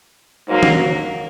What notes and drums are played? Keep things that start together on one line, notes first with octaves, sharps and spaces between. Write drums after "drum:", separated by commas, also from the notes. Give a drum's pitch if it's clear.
G#2 F#3 A#3
drum: tom